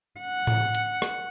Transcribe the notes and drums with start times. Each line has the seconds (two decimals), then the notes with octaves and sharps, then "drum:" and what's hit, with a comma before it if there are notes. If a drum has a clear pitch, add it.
0.20 F#5
0.47 drum: tom A2
0.75 drum: hi-hat
1.02 drum: rim click